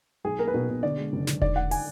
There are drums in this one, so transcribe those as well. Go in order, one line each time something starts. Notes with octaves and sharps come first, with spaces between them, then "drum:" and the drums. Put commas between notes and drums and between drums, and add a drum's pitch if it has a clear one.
B1 G#4
A#3 A#4
B4
B2 A#4
B2
D3 D5
G#3
F#1
D3, drum: snare
G#2 D5, drum: kick E1
G#2 F#5
G#5, drum: open hi-hat